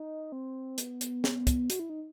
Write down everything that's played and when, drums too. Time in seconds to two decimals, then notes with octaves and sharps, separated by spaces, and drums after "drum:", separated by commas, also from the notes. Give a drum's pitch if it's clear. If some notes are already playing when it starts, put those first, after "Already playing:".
Already playing: D#4
0.32 C4
0.78 B3, drum: hi-hat
1.01 drum: hi-hat
1.24 drum: snare
1.47 drum: kick, hi-hat
1.70 F#4, drum: hi-hat
1.79 E4
1.90 D#4